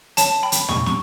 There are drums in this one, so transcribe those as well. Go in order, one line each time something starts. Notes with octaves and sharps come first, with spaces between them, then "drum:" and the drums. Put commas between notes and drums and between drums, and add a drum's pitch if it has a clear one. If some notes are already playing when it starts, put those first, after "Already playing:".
C#5 A5, drum: hi-hat
G5 B5
drum: hi-hat
G4 C#6, drum: tom
C#6, drum: snare